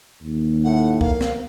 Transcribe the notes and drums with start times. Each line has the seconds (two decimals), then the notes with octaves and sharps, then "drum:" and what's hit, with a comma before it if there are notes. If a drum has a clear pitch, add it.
0.22 D#2
0.65 A2 F#5
1.01 A#3 F5, drum: kick
1.21 drum: snare